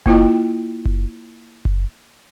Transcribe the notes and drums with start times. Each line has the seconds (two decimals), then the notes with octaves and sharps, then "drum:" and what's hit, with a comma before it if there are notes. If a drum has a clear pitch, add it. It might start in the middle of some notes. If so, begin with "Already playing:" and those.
0.06 A#3 E4 F4 D#5 G5, drum: kick F#1
0.85 drum: kick F#1
1.65 drum: kick F#1